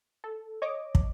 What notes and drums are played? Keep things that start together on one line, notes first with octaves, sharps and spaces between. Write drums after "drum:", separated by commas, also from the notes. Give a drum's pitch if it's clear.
A4
C#5 D#5 D6
drum: kick